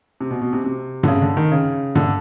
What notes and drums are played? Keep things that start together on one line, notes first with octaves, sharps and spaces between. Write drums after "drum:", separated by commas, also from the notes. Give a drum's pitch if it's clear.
C3
B2
B2
C3
C3
D3, drum: tom G2
C#3
D3
D#3
C#3
D3, drum: tom G2